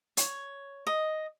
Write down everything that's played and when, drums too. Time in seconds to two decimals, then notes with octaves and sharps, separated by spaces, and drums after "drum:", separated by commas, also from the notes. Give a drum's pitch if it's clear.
0.17 C#5, drum: hi-hat
0.87 D#5